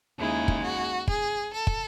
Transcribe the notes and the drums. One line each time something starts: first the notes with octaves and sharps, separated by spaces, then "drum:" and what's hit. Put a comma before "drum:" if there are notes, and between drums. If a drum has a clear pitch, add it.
D#2 C#3 G#3 E4
drum: kick
F#4
G#4, drum: kick
A4
drum: kick